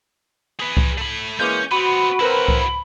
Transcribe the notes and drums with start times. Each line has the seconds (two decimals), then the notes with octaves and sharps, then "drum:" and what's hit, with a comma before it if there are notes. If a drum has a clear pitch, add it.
0.60 G#4 B4
0.77 drum: kick C2
0.98 A3 B5
1.40 E3 G#3 A#3 C#4 G6
1.71 B3 C4 F#4 B5
2.20 C4 E4 F#4 A#4 B4
2.48 drum: kick C2